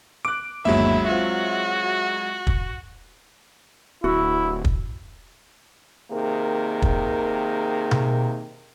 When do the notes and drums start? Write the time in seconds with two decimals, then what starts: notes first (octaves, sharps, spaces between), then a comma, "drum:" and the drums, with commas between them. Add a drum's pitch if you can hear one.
0.25 D6 F#6 D7
0.65 G1 D#2 F#3 G#3 E4 E5
1.08 C4 F4 F#4
2.47 drum: kick
4.04 D1 E4 F#4
4.65 drum: kick
6.11 C3 D#3 A#3 G#4 A#4
6.82 drum: kick
7.91 drum: tom B2